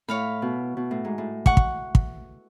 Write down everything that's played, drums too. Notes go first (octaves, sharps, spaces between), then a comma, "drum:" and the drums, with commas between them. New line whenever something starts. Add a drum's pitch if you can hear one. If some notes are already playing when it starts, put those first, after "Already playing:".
A2 C#5 F5 B5
B2
B2
A2
G#2
A2
F#5 C#6, drum: kick
drum: kick
drum: kick